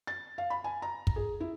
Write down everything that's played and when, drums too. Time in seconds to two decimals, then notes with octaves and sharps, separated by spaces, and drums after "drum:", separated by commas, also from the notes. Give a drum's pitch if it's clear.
0.07 A6
0.38 F5
0.50 B5
0.64 G#5
0.82 A#5
1.07 drum: kick
1.16 G#4
1.40 E4